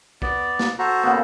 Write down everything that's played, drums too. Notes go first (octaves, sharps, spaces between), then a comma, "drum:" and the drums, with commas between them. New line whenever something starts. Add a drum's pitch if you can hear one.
B3 D5, drum: kick
drum: snare
F#4 A4 C5 A#5
C#3 A#3 B3